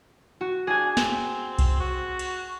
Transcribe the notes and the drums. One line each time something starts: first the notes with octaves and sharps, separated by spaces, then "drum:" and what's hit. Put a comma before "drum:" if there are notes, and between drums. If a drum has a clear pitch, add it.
F#4
D4 G#4 G#5
C4, drum: snare
drum: kick B1, cymbal
F#4
drum: cymbal